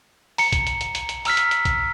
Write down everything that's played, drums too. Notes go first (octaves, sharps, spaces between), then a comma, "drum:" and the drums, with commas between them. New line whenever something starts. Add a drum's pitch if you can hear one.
A#5 C#7, drum: open hi-hat
drum: kick, hi-hat
drum: hi-hat
drum: hi-hat
drum: hi-hat
drum: hi-hat
A#5 E6 F6 B6, drum: open hi-hat
drum: hi-hat
drum: hi-hat
drum: kick, hi-hat